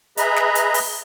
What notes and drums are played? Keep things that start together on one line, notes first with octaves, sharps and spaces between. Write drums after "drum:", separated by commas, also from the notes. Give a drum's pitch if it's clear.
G#4 B4 D#5 E5 A#5 B5, drum: hi-hat
drum: snare
drum: hi-hat
drum: open hi-hat